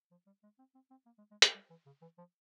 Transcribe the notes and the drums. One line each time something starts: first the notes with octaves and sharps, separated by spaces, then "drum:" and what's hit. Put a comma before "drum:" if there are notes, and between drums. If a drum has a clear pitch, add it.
F3
G3
G#3
C4
C4
C4
A#3
G#3
G#3
A#3, drum: hi-hat
G3
E3
C#3
E3
F3